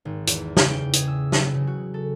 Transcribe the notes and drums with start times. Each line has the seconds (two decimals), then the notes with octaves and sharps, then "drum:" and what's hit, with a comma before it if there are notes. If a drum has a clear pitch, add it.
0.05 G#1
0.27 E2, drum: hi-hat
0.57 C#3, drum: snare
0.71 G5
0.93 G#4, drum: hi-hat
1.08 E6
1.32 F#3, drum: snare
1.54 C#3
1.67 F#4
1.94 A4